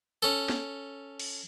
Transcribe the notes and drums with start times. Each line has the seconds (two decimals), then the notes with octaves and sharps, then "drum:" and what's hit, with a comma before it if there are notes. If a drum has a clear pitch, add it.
0.22 C#4 A4
0.49 drum: snare
1.19 drum: cymbal